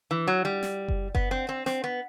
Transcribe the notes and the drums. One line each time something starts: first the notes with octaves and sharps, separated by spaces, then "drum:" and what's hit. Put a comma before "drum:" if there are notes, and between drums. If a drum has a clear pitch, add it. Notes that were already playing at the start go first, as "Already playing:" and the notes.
E3
F#3
G3
drum: snare
drum: kick F#1
B3, drum: kick F#1
C4
C4
C4, drum: snare
B3